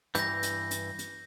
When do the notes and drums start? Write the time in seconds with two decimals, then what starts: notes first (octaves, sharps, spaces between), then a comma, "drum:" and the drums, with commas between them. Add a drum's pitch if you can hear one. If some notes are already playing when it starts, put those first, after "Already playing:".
0.15 G2 E3 G6 A#6, drum: hi-hat
0.43 drum: hi-hat
0.71 drum: hi-hat
0.99 drum: hi-hat